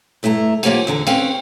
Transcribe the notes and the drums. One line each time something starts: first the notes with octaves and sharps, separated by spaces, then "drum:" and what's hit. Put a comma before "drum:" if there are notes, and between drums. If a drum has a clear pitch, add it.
G2 A3 E4 G#5 A#5
F3 A#3 G4 C#5 F#5 G#5, drum: cymbal
E2 D3 A5 A#5
C4 C#4 B4 F5 G5, drum: cymbal